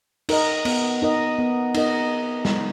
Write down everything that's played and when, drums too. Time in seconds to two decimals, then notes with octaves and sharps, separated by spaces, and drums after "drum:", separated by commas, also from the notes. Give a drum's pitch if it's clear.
0.29 D#4 A#4 D#5, drum: cymbal
0.65 B3, drum: cymbal
1.02 D#4 A#4 D#5
1.39 B3
1.74 D#4 A#4 D#5, drum: cymbal
2.45 drum: snare